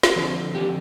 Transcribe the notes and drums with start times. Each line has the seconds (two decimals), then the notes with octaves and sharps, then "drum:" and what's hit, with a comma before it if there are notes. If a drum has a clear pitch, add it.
0.03 drum: snare
0.16 D3 F3 C4 C5
0.55 D3 F3 C4 G4